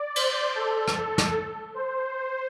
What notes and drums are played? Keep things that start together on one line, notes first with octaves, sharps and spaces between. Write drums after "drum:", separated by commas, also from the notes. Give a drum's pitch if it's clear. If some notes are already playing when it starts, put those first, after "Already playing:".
Already playing: D5
C5, drum: cymbal
A4
drum: rim click
drum: snare
C5